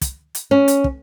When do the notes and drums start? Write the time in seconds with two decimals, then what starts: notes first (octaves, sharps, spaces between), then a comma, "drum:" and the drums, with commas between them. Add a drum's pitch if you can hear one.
0.01 drum: kick, hi-hat
0.35 drum: hi-hat
0.51 C#4
0.68 drum: hi-hat
0.84 drum: kick